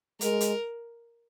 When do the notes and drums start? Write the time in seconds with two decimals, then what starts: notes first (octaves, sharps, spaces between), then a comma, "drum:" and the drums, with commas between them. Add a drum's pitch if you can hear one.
0.21 G#3 A#4, drum: hi-hat
0.41 drum: hi-hat